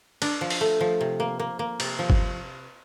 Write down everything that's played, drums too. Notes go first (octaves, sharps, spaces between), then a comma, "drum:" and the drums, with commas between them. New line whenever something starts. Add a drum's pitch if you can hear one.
D4, drum: cymbal
F3
drum: open hi-hat
A3
F3
C3
A#3
A#3
A#3
C3, drum: cymbal
F3
drum: kick G1